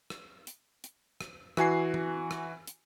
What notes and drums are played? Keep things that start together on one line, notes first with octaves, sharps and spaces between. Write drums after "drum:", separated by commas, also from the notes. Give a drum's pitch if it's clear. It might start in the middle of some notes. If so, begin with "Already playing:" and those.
drum: rim click
drum: hi-hat
drum: hi-hat
drum: rim click
E3 F#4 G#5 C7, drum: rim click
drum: tom E3
drum: rim click
drum: hi-hat